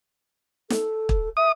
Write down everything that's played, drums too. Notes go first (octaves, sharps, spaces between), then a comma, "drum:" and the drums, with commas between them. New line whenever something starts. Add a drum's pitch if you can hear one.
A4, drum: snare
drum: kick
E5 D#6